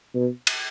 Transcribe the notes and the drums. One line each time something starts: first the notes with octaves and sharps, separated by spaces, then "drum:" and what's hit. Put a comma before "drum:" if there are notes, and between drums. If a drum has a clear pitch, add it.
B2
drum: cymbal